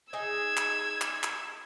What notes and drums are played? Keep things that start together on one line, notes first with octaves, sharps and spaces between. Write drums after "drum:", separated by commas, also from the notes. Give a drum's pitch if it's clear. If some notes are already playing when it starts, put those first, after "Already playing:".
D#4 G#4 D#5 E6 G#6
drum: clap
drum: clap
drum: clap